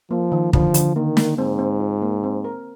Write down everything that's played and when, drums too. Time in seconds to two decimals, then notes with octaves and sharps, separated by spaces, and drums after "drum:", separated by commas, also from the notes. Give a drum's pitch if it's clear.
0.11 F3 A#3
0.32 D#3
0.53 D3 F3, drum: kick
0.74 D3, drum: hi-hat
0.96 D#3 A#3
1.17 A#3, drum: snare
1.38 G#2 C4
1.59 C4
1.80 F4
2.02 A#3
2.24 C4
2.44 A#4